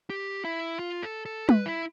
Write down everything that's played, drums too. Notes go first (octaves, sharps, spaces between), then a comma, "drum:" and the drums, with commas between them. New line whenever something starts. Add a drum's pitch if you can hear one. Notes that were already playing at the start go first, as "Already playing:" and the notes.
G4
E4
F4
A4
A4
B4, drum: tom
E4